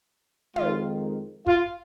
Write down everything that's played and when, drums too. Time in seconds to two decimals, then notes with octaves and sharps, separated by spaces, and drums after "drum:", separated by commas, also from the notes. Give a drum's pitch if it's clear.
0.56 F2 D#3 G#3 F4, drum: tom
1.47 F4, drum: kick